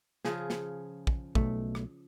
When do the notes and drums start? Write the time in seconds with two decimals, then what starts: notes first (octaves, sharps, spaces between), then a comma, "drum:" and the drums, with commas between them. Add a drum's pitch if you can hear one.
0.25 C#3 F3 G#4, drum: snare
0.50 drum: snare
1.07 drum: kick
1.35 B1 A3, drum: kick
1.75 drum: rim click